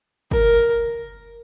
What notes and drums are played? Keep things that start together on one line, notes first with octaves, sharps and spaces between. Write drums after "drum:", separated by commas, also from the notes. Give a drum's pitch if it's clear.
A#4, drum: kick